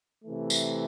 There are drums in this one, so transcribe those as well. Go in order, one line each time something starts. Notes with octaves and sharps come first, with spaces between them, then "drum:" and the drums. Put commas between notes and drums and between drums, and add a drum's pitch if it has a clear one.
C3 E3 A3
drum: tambourine